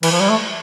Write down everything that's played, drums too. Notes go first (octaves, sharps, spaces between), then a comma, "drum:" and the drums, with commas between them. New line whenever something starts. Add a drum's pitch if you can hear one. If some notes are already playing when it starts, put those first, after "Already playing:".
E3, drum: cymbal
F3
G3
A3